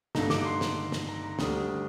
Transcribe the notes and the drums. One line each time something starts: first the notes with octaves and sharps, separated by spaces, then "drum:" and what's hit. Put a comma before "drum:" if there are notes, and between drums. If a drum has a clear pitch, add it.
G2 D3 A3 D#4 A#5, drum: snare
D6, drum: snare
C6
drum: snare
drum: snare
A#5
A#5
D2 D3 G3 D4 D#6, drum: snare